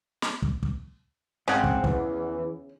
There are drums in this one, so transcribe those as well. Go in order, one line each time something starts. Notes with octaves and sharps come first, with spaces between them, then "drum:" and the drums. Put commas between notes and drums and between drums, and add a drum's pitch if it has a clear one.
drum: snare
drum: kick
drum: kick
G#2 C#3 C4 F#5
drum: kick
E2 E3, drum: kick